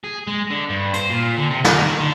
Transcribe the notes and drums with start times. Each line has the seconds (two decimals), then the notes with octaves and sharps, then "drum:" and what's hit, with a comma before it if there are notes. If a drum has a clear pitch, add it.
0.04 G#4
0.27 G#3
0.50 D3
0.70 G2
0.94 C5, drum: hi-hat
1.10 A#2
1.37 D3
1.51 C3
1.64 D#3, drum: snare
1.85 D#3
2.00 D3